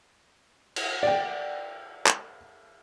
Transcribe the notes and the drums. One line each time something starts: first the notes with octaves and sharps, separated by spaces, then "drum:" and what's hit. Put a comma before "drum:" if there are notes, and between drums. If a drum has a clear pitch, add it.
drum: cymbal
D5 G5
drum: clap